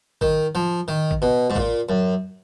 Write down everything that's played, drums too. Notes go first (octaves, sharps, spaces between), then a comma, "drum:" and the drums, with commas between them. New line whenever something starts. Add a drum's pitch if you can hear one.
D#3, drum: kick
F3
D#3
drum: kick
B2
G#2
A#2, drum: kick
F#2